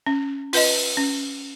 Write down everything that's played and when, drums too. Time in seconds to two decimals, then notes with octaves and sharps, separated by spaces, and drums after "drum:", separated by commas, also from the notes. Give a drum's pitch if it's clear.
0.07 C#4
0.53 F4 B4 D#5, drum: open hi-hat
0.97 C#4